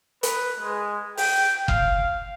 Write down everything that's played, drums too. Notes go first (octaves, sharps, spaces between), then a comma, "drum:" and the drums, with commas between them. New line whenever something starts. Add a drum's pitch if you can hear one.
B4, drum: hi-hat
G#3
G5, drum: open hi-hat
F5, drum: kick F#1